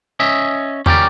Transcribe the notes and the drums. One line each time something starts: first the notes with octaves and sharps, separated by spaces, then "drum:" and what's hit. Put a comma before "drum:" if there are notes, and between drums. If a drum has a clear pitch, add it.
C#4 D#5 E5
C#4 G4 A#4 D5, drum: tom E2